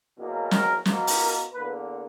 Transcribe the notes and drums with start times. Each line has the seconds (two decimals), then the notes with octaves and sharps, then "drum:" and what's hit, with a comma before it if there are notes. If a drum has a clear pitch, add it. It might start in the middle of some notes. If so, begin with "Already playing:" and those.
0.17 E2 B2 F#3 A#3
0.51 A#4, drum: snare
0.85 B2 A#3, drum: snare
1.07 drum: open hi-hat
1.19 A#4
1.54 E2 D3 A#3 B4